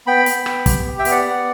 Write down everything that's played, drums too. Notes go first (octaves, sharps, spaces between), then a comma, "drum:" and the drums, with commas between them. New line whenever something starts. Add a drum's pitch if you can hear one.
B3 G5 B5
B3, drum: hi-hat
B3, drum: rim click
G4, drum: kick, hi-hat
G4
E5 G5
B3, drum: hi-hat
D5 F#5
B3